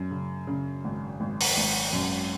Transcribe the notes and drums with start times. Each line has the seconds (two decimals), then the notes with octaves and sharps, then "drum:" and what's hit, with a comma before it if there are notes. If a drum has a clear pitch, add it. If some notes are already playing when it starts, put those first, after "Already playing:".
Already playing: F#2
0.11 C#3
0.47 C#3
0.84 G#1
1.20 G#1
1.41 drum: open hi-hat
1.57 G#1
1.93 F#2